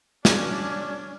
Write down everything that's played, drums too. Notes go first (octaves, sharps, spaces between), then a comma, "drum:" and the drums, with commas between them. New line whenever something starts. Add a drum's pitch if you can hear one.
G3 C#4 D4 F#4 D5 G#6, drum: snare